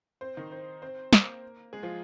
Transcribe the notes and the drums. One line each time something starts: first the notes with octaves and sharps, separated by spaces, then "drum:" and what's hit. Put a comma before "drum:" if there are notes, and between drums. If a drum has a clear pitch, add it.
C4 C5
D#3 D#4
C4 C5
C4 C5
A#3 A#4, drum: snare
G#3 G#4
F3 F4